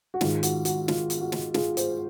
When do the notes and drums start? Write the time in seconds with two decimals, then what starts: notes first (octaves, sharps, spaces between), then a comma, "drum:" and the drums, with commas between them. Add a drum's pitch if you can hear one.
0.14 F#4
0.21 G#2 D#3 F4, drum: snare
0.43 F#4, drum: hi-hat
0.65 F#4, drum: hi-hat
0.88 F4, drum: snare
1.10 drum: hi-hat
1.21 F#4
1.32 drum: snare
1.54 F4 G#4, drum: snare
1.77 G#4 C5, drum: hi-hat